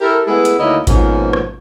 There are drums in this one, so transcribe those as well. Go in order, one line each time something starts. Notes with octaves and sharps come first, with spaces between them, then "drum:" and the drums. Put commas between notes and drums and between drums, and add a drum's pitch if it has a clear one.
E4 G4 A4 A#4
G#3 A3 B3 E4 G#4
drum: hi-hat
D2 D#3 A#3 E4 C#5 D#5
G#2 B2 F3 A#3 C#4 F#4, drum: kick A1, hi-hat
drum: rim click